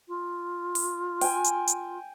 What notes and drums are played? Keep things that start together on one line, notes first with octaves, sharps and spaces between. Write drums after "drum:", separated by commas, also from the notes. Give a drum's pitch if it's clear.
F4
drum: open hi-hat
G5 G#5, drum: open hi-hat
drum: hi-hat
drum: hi-hat